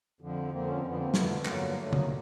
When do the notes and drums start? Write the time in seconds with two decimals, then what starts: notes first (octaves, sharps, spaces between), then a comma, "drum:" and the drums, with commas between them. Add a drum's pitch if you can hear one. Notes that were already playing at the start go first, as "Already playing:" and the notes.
0.21 F2 D3 F3
0.51 F2 D3 F3 A#3 C4
0.67 C#4
0.77 C4
0.83 F2 D3 F3 B3
0.97 A#3 C4
1.14 F2 D3 F3 A3 B3, drum: snare
1.45 G2 D3 F#3 A#3, drum: clap
1.77 G2 D3 F#3 A3
1.93 A#3, drum: tom